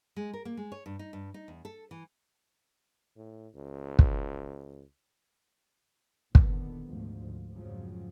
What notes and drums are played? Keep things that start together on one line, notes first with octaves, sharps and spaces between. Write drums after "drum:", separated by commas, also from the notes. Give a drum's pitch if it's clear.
G#3
A#4
A#3
G#3
C#5
G2
D#4
G2
D#4
E2
A4
E3
A2
C#2
drum: kick
A#2 D3 D#3 B3, drum: kick
D2 G#2 F3
F2 G#2 C#3 F3 F#3